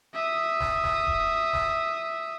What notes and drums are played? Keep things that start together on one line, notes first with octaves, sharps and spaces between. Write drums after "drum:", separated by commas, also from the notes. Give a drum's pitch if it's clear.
E5 D#6
drum: snare
drum: snare
drum: kick D1
drum: snare